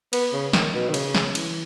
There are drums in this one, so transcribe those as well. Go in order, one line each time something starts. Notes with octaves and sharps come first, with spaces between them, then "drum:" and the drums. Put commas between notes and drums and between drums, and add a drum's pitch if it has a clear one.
B3, drum: cymbal
C#3
D#3, drum: snare
B2
D#3
C#3, drum: cymbal
drum: snare
E3, drum: cymbal